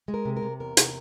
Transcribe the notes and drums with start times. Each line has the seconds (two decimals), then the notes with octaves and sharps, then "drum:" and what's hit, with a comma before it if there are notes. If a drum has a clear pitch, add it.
0.08 G#3
0.14 A#4
0.25 C3
0.37 A#4
0.43 C3
0.60 E2 A#4
0.77 C3, drum: hi-hat